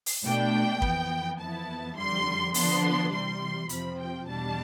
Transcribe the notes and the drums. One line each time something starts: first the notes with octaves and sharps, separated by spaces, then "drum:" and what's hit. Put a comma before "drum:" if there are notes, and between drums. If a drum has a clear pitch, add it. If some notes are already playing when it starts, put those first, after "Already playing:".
drum: open hi-hat
B2 A3 D4 G5
F2 E3 B3, drum: kick
F2 E3 B3 E4 A5
F2 D3 G3 C6
D3 F3 B3 D4 C6, drum: open hi-hat
C3 E3 G3 C6
F2 C3 F3 C4 B5, drum: hi-hat
G5
E2 B2 G3 D4 A5